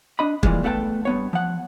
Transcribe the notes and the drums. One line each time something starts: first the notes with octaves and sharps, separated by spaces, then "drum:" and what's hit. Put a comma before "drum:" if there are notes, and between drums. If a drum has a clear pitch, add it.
D4 D#5 B5
A#2 E3 F3 G3 G#3, drum: kick
A3 B3 A4 F#5 G5 A5
G2 B3 C#5
F3 F#5